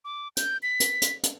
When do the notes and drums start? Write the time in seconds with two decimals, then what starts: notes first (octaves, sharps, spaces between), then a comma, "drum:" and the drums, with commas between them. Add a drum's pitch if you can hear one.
0.05 D6
0.37 G6, drum: hi-hat
0.63 B6
0.80 drum: hi-hat
1.02 drum: hi-hat
1.23 drum: hi-hat